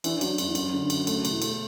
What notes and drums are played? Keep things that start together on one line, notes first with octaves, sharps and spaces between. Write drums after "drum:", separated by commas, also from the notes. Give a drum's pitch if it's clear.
E3 D4, drum: cymbal
F#3 D4, drum: cymbal
F#2 D4, drum: cymbal
E2
F#2 F#4, drum: cymbal
D3
F#4, drum: cymbal
A3, drum: cymbal
B2, drum: cymbal
E2
A3, drum: cymbal